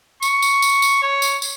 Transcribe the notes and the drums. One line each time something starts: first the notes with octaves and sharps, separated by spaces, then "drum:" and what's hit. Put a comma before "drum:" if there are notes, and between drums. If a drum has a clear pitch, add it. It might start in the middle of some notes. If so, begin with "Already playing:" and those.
C#6, drum: tambourine
drum: tambourine
drum: tambourine
drum: tambourine
C#5
drum: tambourine
drum: tambourine